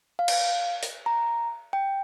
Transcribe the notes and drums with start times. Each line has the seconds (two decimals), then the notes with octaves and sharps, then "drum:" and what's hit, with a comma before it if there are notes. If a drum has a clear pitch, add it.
0.19 F5
0.28 drum: cymbal
0.83 drum: open hi-hat
1.06 A#5
1.73 G5